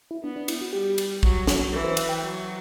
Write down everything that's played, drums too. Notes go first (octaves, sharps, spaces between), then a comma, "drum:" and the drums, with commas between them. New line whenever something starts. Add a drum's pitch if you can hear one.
E4
B3 D4
D4
E4, drum: cymbal
F#4
G3 G4
drum: cymbal
F#3, drum: kick
drum: snare
E3 A4
C5
E5, drum: cymbal
G5
F#3